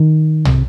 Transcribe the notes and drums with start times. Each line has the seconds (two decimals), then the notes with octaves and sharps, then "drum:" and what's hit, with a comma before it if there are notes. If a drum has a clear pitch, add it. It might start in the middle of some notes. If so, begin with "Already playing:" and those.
Already playing: D#3
0.45 C3, drum: tom